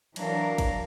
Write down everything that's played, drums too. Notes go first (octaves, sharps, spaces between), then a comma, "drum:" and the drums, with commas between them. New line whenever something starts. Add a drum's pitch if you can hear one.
E3 F#3 D4 A#4 F5, drum: cymbal
drum: kick, cymbal